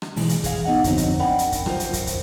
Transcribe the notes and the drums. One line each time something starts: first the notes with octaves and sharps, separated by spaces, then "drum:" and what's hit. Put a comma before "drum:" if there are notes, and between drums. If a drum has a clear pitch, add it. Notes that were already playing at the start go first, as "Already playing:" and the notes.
drum: rim click
B1 E3 G#3, drum: open hi-hat
drum: hi-hat
G#4 F5, drum: kick, hi-hat
B3 D#4 D#5 F#5
F2 D3 F#3 A3 C4 D#4, drum: kick, hi-hat
drum: kick, hi-hat
A#4 D5 F#5 G5 B5
drum: hi-hat
drum: kick, hi-hat
F#3 F4 A#4 C5, drum: rim click
drum: hi-hat
drum: kick, hi-hat
drum: kick, hi-hat